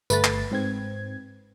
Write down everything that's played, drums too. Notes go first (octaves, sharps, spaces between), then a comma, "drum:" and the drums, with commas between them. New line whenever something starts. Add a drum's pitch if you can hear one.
G1 A3 B4 A6, drum: tambourine
drum: clap
G#2 C4 G#6